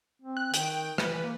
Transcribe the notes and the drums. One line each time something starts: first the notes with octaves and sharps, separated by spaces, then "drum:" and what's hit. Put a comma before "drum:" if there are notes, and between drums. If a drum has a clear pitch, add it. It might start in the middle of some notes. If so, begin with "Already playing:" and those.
C4
F#6
D#3 G5, drum: hi-hat
E3 B4, drum: rim click
A#3